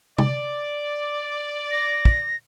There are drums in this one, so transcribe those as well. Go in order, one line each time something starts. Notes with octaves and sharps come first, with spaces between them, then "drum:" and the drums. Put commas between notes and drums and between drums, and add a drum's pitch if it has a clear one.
D5, drum: tom C3
A#6
drum: kick